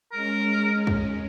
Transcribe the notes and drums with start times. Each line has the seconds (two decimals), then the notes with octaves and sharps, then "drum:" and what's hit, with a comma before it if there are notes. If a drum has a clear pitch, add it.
0.12 G#3 C#4 A#4
0.87 drum: kick